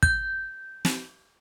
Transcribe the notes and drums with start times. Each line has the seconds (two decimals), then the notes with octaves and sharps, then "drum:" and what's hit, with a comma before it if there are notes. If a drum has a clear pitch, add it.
0.03 G6, drum: kick
0.85 drum: snare